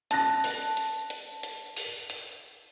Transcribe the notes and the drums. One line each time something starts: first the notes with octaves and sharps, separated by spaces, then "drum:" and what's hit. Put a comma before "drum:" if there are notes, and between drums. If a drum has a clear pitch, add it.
A5 F#6 A#6, drum: hi-hat
drum: open hi-hat
drum: hi-hat
drum: hi-hat
drum: hi-hat
drum: open hi-hat
drum: hi-hat